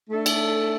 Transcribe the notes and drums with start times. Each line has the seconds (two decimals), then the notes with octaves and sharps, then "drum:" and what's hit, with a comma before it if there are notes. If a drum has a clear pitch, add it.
0.10 A3 D4 A4 E5
0.26 drum: cymbal